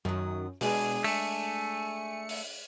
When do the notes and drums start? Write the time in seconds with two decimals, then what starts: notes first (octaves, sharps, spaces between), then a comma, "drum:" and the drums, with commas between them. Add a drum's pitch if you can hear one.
0.05 F#2 D#3 F#3 D#6
0.61 B2 G#3 D4 G#4 G#5, drum: open hi-hat
1.04 A3 G#5 C#7, drum: open hi-hat
2.29 drum: open hi-hat